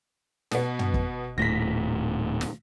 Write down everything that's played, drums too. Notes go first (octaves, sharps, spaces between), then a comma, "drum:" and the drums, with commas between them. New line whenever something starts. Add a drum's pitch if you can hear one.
B2 B3, drum: snare
drum: tom
drum: kick
D#1 A2 A#6 B6
drum: snare